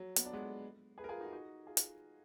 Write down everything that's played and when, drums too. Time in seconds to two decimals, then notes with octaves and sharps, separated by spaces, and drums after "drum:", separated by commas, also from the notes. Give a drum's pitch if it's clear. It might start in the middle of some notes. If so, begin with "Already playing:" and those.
Already playing: F#3
0.16 B3, drum: hi-hat
0.25 D4
0.33 G#3 B3
0.98 G#4 B4
1.04 A#4
1.09 F4 G#4
1.20 D#4 F#4
1.26 F4
1.32 D#4 F#4
1.67 F4 G#4
1.77 drum: hi-hat